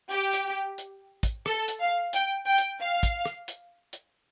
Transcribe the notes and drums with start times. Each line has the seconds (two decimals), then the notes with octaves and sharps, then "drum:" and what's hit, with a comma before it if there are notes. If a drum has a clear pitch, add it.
0.11 G4
0.33 drum: hi-hat
0.78 drum: hi-hat
1.23 drum: kick, hi-hat
1.46 A4, drum: rim click
1.68 drum: hi-hat
1.79 F5
2.13 G5, drum: hi-hat
2.46 G5
2.58 drum: hi-hat
2.81 F5
3.03 drum: kick, hi-hat
3.26 drum: rim click
3.48 drum: hi-hat
3.93 drum: hi-hat